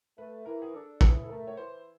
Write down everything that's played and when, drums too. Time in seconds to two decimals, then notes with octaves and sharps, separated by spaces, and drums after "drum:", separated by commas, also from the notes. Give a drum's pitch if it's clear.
0.17 A3 B4
0.45 E3 A#4
0.62 G#4
0.74 D4 A4
1.01 E3 G#4, drum: kick
1.24 A4
1.29 A3 A#4
1.47 C#5
1.57 E3 C5